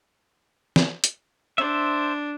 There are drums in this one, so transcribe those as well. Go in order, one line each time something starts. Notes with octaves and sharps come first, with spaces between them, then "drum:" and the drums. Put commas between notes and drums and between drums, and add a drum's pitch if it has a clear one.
drum: snare
drum: hi-hat
D4 C5 E5